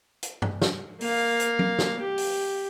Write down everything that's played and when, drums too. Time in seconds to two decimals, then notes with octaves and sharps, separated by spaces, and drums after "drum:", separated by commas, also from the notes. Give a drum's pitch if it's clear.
0.23 drum: hi-hat
0.42 drum: tom
0.62 drum: snare
1.01 A#3 F5, drum: open hi-hat
1.40 drum: hi-hat
1.59 drum: tom
1.79 drum: snare
1.99 G4
2.18 drum: open hi-hat